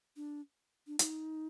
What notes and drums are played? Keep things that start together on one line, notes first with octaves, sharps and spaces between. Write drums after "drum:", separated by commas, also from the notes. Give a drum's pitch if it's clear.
D4
D4
D#4, drum: hi-hat